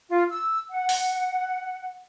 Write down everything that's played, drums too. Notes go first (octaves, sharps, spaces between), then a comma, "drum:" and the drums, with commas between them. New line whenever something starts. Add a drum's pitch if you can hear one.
F4
E6
F#5
drum: open hi-hat